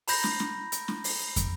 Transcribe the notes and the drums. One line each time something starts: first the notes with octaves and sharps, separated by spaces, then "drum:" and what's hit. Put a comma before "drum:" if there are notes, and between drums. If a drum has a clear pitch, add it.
A#5 B5 G6 A#6, drum: open hi-hat
drum: snare
drum: snare
drum: hi-hat
drum: snare
drum: open hi-hat
drum: kick, hi-hat